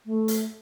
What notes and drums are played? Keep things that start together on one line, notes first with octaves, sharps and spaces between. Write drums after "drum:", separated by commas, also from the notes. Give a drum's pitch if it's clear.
A3
drum: hi-hat